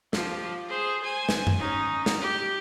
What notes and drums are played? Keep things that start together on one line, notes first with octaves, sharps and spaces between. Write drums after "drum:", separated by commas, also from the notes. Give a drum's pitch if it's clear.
F3 G4, drum: snare
G#4 C5
C5 G#5
drum: snare
drum: tom F#2
C#4 D#4
drum: snare
G4